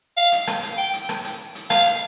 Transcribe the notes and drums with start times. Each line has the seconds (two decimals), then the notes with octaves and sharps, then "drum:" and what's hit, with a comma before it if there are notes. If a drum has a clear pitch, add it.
0.17 F5
0.32 drum: hi-hat
0.47 drum: rim click
0.63 drum: hi-hat
0.78 G5
0.94 drum: hi-hat
1.09 drum: rim click
1.24 drum: hi-hat
1.55 drum: hi-hat
1.70 F5, drum: rim click
1.86 drum: hi-hat